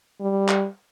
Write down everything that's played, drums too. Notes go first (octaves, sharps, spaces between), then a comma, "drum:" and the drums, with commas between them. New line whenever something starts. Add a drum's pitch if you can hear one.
G3
drum: clap